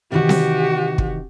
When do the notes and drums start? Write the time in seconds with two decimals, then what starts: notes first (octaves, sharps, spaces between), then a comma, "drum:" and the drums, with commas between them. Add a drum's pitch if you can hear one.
0.12 C3 D#3 E3 F#4 G4
0.29 drum: snare C4
0.98 drum: kick